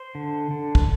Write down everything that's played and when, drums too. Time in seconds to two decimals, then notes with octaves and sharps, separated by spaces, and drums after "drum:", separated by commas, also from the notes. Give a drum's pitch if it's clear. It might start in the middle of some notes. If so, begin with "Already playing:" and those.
Already playing: C5
0.15 D3
0.51 D3
0.75 drum: kick